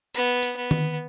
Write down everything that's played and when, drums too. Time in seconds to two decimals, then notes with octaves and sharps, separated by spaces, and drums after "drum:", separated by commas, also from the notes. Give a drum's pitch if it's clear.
0.15 B3, drum: tambourine
0.43 drum: tambourine
0.56 B3
0.71 drum: tom D#3